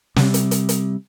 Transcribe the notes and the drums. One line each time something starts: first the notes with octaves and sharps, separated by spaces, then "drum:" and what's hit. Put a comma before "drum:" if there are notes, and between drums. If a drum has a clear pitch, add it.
C3 G3, drum: snare
drum: hi-hat
drum: hi-hat
drum: hi-hat